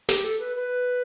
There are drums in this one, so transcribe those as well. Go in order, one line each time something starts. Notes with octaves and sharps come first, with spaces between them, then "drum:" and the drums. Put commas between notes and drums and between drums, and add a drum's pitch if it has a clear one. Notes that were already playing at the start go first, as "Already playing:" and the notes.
G4, drum: snare
A4
B4
B4